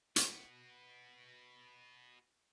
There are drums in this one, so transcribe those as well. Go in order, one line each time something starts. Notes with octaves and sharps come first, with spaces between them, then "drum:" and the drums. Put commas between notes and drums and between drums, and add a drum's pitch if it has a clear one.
F#4 B4, drum: hi-hat